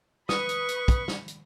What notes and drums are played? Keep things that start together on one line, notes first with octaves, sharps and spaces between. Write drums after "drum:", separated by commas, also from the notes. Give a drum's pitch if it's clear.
B4 B5 C#6 D#6, drum: snare
drum: hi-hat
drum: hi-hat
drum: kick, hi-hat
drum: snare
drum: hi-hat